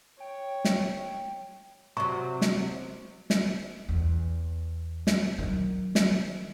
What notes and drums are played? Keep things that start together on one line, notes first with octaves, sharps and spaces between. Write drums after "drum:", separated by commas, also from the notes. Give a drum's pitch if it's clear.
C#5 G5
drum: snare
C3 F#3 C#6
drum: snare
drum: snare
E2
drum: snare
D#3 F#3
drum: snare